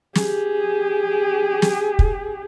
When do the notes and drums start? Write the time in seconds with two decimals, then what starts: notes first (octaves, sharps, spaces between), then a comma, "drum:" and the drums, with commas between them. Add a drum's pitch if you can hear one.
0.15 G4 G#4, drum: snare
1.62 drum: snare
1.99 drum: kick